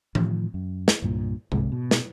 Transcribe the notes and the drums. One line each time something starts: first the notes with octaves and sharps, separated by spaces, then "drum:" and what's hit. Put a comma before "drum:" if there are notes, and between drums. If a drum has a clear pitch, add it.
A2 D#3 F3, drum: tom E3
F#2
drum: snare
C2 G2 A#2
G1 C2 C3 G#3, drum: tom G#2
B2
drum: snare